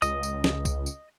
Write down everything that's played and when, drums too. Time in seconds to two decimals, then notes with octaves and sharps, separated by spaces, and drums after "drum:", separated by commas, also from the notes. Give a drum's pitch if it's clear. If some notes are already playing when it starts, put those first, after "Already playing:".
0.02 C#2 D#5 D#6, drum: tambourine
0.23 drum: tambourine
0.44 drum: snare
0.65 drum: kick, tambourine
0.86 drum: tambourine